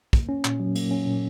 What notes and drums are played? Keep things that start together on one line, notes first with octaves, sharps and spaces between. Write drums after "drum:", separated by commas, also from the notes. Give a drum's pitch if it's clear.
A#3, drum: kick
C#4
A#2, drum: clap
F#3
A#3, drum: cymbal
C#4
A#2